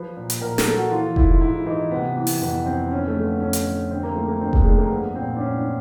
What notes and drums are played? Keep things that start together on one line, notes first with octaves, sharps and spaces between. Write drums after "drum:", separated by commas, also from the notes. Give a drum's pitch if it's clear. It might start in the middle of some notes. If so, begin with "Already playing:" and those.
Already playing: F3 B4
A#2
drum: hi-hat
A#2 A#4
A4, drum: snare
F3
F#4
E3 F4
G#2 E4, drum: kick F1
F4
G#2 E4
E3 D#4
C3 B3
E3 B3
drum: open hi-hat
F2 B3
F2 C4
D3 C#4
A3
F3
B3
F2 C#4
drum: hi-hat
F2
D3 C4
A#3
F3 A3
A#3
G2 C4
G#3, drum: kick F1
G2 A3
A#3
F3 B3
A#2 C4
D4
A#2 C#4
D4